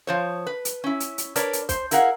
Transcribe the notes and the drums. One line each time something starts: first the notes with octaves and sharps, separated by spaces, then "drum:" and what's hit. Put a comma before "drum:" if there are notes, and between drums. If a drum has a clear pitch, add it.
F3 C5 C#5
B4
drum: hi-hat
C#4 E4
drum: hi-hat
drum: hi-hat
D4 A#4 B4 C#5 D5, drum: hi-hat
drum: hi-hat
C5, drum: kick, hi-hat
E4 G#4 A#4 F5 F#5, drum: hi-hat